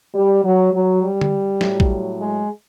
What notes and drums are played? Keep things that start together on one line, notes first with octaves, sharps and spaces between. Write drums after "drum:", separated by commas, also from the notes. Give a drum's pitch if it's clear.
G3
F#3
F#3
G3
drum: tom D3
A2 F#3, drum: snare
drum: kick
G#3